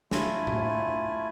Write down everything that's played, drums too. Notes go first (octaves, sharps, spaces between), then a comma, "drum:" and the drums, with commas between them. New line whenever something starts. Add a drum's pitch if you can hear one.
A3 E4 F4 G#5, drum: snare
drum: tom A2